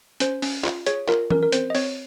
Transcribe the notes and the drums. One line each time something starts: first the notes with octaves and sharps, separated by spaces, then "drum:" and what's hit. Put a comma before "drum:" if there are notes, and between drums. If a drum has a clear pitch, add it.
C#4 C5, drum: hi-hat
C#4, drum: open hi-hat
F4, drum: clap
G#4 C#5, drum: hi-hat
F4 A#4, drum: clap
C#4 A#4, drum: tom E3
A#4
C4 C5, drum: hi-hat
D#5
C4 C#5, drum: open hi-hat